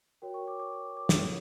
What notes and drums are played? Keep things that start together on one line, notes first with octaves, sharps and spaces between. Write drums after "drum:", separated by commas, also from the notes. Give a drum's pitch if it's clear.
F#4 A#4 C#5 G5
C#6
D6
D6
D6
D6
D#6, drum: snare
F4 A4 C#5